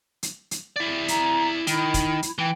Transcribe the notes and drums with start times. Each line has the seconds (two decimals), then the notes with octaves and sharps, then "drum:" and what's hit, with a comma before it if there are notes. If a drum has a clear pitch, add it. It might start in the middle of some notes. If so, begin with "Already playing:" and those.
0.23 drum: hi-hat
0.51 drum: hi-hat
0.76 E4 D5
1.08 A#5, drum: hi-hat
1.67 D#3 E4, drum: hi-hat
1.94 drum: kick, hi-hat
2.23 drum: hi-hat
2.38 E3 G5